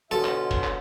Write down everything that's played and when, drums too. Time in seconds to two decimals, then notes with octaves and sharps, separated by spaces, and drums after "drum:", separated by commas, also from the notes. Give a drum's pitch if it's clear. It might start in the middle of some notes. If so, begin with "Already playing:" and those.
0.11 B2 D3 C#4 F4 F#4 A4 D#5
0.24 drum: clap
0.51 drum: kick, cymbal
0.64 drum: clap